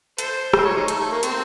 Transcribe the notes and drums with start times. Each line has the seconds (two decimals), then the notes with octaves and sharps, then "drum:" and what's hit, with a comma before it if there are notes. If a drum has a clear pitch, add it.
0.18 A4 C5, drum: hi-hat
0.53 C5, drum: rim click
0.65 C#5
0.76 D#4
0.88 A3, drum: hi-hat
1.00 A3
1.11 A#3
1.23 C4, drum: hi-hat